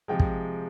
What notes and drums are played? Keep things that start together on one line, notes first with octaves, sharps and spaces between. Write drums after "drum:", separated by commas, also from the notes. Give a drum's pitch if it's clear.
C3 F3 G#3 G5
drum: kick